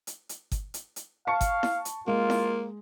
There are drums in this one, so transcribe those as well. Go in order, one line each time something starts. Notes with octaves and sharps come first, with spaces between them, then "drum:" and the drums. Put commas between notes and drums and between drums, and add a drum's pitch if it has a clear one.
drum: hi-hat
drum: hi-hat
drum: kick G1, hi-hat
drum: hi-hat
drum: hi-hat
F5 A5 C#6 C#7
drum: kick G1, hi-hat
drum: snare E4
drum: hi-hat
G#3 A#3 F4
drum: snare E4